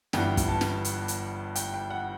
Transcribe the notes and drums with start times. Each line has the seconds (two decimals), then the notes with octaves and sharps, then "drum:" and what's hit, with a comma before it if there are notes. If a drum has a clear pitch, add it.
0.13 G1 G2 E3 B3 D4 G5, drum: snare
0.37 drum: kick, hi-hat
0.49 A5
0.61 drum: snare
0.85 drum: hi-hat
1.08 drum: hi-hat
1.55 G5, drum: hi-hat
1.74 G5
1.90 F#5